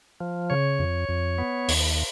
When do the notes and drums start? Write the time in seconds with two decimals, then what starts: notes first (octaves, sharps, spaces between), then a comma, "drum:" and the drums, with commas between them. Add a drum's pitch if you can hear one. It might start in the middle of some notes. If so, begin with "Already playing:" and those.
0.21 F3
0.50 C#3 C#5
0.79 F2
1.09 F2
1.38 B3
1.68 D#2, drum: open hi-hat